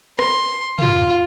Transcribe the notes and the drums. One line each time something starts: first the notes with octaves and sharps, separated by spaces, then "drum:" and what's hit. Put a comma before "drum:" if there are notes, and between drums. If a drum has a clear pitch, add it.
C6, drum: rim click
F4, drum: tom